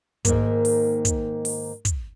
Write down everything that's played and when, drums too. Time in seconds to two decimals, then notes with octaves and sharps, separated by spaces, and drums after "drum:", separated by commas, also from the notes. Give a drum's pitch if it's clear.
0.25 G#2 D#3 A#3, drum: kick, hi-hat
0.65 drum: open hi-hat
1.05 drum: kick, hi-hat
1.45 drum: open hi-hat
1.85 drum: kick, hi-hat